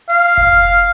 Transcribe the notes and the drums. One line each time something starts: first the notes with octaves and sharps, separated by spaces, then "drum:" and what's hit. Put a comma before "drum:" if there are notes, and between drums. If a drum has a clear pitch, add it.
F5, drum: open hi-hat
drum: kick F1